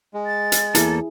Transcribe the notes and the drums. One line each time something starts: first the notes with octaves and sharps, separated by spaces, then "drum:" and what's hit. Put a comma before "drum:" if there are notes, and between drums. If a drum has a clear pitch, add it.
G#3
A6
drum: hi-hat
E2 A#3 E4 G#4 A4, drum: hi-hat